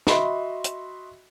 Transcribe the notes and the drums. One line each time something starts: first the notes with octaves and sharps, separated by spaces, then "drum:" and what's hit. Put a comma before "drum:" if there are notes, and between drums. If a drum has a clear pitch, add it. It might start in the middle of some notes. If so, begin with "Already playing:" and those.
F#4 D#5 E5 B5 C6, drum: snare
drum: hi-hat